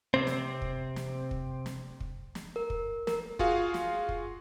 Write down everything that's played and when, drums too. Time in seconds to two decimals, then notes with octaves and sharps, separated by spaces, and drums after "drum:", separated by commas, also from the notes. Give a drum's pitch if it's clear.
0.14 C3 C4
0.27 drum: snare
0.62 drum: kick
0.96 drum: snare
1.31 drum: kick
1.66 drum: snare
2.00 drum: kick
2.35 drum: snare
2.56 A#4
2.70 drum: kick
3.07 A#4, drum: snare
3.39 F4 F#4 G#4 F5, drum: kick
3.74 drum: snare
4.09 drum: kick